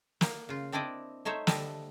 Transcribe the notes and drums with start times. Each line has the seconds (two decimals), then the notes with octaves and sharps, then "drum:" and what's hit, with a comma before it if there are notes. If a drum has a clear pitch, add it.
0.21 A#3, drum: snare
0.49 C#3 F4
0.72 C4 D4 E4 D5 D#5
1.25 A3 D#4 C5 C#5 E5
1.47 D3 G3 D#5 E5 A5, drum: snare